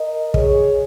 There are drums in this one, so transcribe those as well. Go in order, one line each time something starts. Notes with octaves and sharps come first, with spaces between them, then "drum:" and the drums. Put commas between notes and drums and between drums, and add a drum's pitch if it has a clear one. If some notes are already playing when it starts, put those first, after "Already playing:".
Already playing: A#4 D#5
G#4 C#5, drum: kick